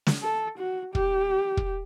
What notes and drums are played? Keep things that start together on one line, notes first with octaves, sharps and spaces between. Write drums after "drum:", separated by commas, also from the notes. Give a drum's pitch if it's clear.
drum: snare
A4
F#4
G4, drum: kick
drum: kick